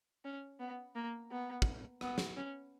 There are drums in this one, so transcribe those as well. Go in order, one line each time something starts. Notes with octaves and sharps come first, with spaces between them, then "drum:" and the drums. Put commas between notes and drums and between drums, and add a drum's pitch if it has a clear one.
C#4
B3
A#3
B3
drum: kick
B3, drum: rim click
drum: snare
C#4